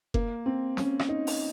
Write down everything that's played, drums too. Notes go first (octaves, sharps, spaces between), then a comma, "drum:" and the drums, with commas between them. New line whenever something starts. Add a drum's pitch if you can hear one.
A#3, drum: kick F#1
C4
C#4, drum: snare
drum: rim click
D#4
drum: open hi-hat